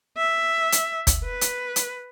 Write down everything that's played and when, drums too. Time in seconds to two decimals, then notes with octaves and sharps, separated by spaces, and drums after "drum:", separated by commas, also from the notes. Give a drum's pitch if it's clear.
0.17 E5
0.72 drum: hi-hat
1.07 drum: kick, hi-hat
1.24 B4
1.41 drum: hi-hat
1.76 drum: hi-hat